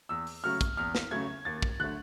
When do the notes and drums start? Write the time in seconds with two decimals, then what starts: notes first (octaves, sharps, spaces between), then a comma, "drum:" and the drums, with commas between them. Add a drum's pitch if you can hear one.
0.09 E2 E6
0.27 drum: open hi-hat
0.44 C#3 F#3 A3 F6
0.61 drum: kick, hi-hat
0.77 E2 F6
0.95 drum: snare
1.11 C#3 F#3 A3 G#6
1.45 D#2 A6
1.62 drum: kick
1.80 D3 F#3 A3 F#6